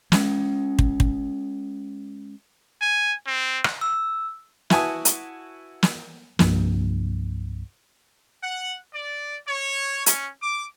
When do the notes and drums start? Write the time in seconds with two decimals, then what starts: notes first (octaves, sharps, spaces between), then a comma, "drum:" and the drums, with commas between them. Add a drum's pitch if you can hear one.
0.12 G#3 C#4, drum: snare
0.79 drum: kick
1.00 drum: kick
2.81 G#5
3.27 C4
3.64 drum: rim click
3.81 E6
4.70 E4 F#4 B4 G#5 A5 D#6, drum: snare
5.05 drum: hi-hat
5.83 drum: snare
6.39 C2 G2 F3 A#3, drum: snare
8.43 F#5
8.94 D5
9.48 C#5
10.06 C#4, drum: hi-hat
10.42 D6